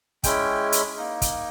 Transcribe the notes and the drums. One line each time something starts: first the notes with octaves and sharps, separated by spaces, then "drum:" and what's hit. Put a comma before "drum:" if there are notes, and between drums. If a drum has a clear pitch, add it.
G#3 C#4 E4 G5, drum: kick, hi-hat
drum: hi-hat
A#3 D#4
drum: kick, hi-hat